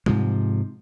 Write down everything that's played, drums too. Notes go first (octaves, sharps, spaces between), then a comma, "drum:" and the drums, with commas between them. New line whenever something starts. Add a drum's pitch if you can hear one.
G#2 C3 F3, drum: tom G3